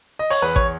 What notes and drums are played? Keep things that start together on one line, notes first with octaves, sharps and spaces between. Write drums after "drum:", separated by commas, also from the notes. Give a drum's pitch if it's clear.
D#5
C#5, drum: open hi-hat
E2 B4
C#5, drum: kick A1